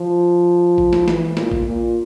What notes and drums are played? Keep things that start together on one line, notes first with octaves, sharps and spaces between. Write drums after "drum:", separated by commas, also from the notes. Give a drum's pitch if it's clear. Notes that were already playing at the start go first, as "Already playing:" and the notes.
Already playing: F3
drum: kick A1
drum: snare
E3, drum: snare
A#2, drum: snare
drum: kick A1
A#2